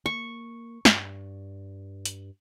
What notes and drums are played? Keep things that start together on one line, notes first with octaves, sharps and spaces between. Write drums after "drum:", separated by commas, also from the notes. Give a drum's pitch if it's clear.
A#3 C#6
G2, drum: snare
drum: hi-hat